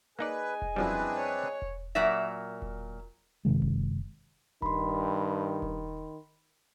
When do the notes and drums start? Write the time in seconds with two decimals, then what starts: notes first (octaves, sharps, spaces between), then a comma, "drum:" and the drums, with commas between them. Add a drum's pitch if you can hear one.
0.19 A#3 D#4 G#4 B4 D5 D#5 G#5
0.62 drum: kick E1
0.76 F#2 F3 G3 C4 D4 E4 B4
1.17 C#5
1.62 drum: kick E1
1.95 A#2 F#3 A#4 D5 E5
2.62 drum: kick E1
3.45 F#1 C3 D#3 G#3
3.62 drum: kick E1
4.62 G2 D#3 B5 C6, drum: kick E1
5.62 drum: kick E1